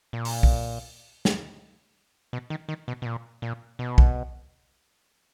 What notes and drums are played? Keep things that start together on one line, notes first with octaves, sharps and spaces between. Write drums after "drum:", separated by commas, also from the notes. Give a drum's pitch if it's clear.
A#2
drum: open hi-hat
drum: kick B1
drum: snare
B2
D#3
D#3
B2
B2
A#2
A#2
B2
drum: kick B1